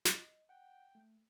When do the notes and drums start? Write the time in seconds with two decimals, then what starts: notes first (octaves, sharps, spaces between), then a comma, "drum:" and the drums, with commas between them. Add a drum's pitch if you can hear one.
0.05 D#5, drum: snare
0.49 F#5 G5
0.95 A3